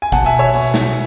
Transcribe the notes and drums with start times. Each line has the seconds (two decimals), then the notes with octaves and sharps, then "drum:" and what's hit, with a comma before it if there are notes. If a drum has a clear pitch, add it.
0.02 G#5
0.12 B2 F#5 A5, drum: kick
0.26 E5 G#5
0.39 C#5 E5
0.53 B2, drum: open hi-hat
0.74 drum: snare